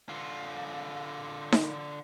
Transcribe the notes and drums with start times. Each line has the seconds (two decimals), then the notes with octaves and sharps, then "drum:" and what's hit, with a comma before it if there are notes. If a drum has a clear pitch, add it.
0.09 D3 F4
1.52 drum: snare D#4